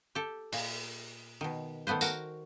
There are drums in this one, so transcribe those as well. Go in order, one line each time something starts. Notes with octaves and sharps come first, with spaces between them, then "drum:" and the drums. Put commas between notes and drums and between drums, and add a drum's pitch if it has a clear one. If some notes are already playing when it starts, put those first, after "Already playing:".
G4 A4
A#2, drum: open hi-hat
B2 D#3
D#3 A3 B3 B4 C5
F#4 A#4, drum: tambourine